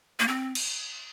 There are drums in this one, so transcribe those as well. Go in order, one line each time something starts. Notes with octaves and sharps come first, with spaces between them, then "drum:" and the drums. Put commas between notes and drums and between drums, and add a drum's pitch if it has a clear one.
A#3
C4
drum: cymbal